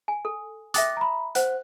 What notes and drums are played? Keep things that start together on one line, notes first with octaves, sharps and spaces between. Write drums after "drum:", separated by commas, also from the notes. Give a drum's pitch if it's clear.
G#5
A4
E5 G5 D6 D#6 F#6 A6, drum: hi-hat
A#5 B5
C5 F#5 F#6, drum: hi-hat